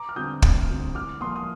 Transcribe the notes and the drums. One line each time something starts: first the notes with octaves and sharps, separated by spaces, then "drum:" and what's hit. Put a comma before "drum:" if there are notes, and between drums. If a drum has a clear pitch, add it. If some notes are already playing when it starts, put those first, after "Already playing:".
Already playing: A#5 D6
F6
D3 G3 C4 D#6 G6
D2, drum: kick
D3 G3 C4
C2 D6 F6
A#2 F3 A#3 C6 D#6
D#6